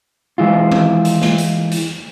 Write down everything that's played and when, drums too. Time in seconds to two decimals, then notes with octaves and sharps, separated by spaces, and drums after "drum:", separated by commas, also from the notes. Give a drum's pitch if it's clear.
0.38 E3 G#3 E4 F4
0.72 drum: tom D#3
1.05 drum: hi-hat
1.22 drum: snare
1.38 drum: hi-hat
1.72 drum: hi-hat